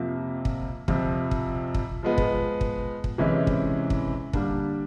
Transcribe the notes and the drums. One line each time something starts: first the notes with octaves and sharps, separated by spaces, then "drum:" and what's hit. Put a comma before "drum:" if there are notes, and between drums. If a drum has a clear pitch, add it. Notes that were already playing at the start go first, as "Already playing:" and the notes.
Already playing: F2 C3 F3 A#3
drum: kick
F2 C3 F3, drum: kick
drum: kick
drum: kick
F3 G#3 B3
drum: kick
drum: kick
drum: kick
C3 E3 G#3 C#4 E4
drum: kick
drum: kick
D3 G3 A#3 D4, drum: kick